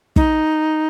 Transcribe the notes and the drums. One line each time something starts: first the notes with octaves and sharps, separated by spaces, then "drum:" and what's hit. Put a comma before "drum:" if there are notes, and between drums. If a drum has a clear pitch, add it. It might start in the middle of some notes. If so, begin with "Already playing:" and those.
D#4, drum: kick